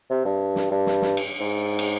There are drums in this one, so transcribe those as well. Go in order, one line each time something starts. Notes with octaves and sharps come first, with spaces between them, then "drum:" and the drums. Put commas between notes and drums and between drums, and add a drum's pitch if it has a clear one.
C3
G2
drum: snare
G2
drum: snare
drum: snare
drum: cymbal
G#2
drum: cymbal